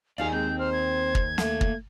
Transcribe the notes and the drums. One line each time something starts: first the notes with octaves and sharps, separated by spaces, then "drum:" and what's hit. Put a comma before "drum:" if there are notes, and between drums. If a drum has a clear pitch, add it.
D#2 D#4 G#4 D5 F5 G#5
G#3 C4 G6
C5 F6
G#6
drum: kick
A3 A#3, drum: snare
drum: kick